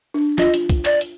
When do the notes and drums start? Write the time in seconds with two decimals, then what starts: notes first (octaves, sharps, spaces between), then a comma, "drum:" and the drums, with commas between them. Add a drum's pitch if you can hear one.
0.14 D4
0.38 F4 D#5, drum: snare
0.54 drum: hi-hat
0.69 drum: kick, hi-hat
0.85 D5, drum: hi-hat
1.01 drum: hi-hat